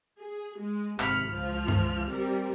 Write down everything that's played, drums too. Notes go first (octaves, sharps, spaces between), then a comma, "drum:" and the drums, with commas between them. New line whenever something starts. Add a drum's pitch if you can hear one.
G#4
G#3
G#1 C3 B5 F6 B6 C#7, drum: clap
C#2 F3 F6
drum: tom
G3 C4 A#4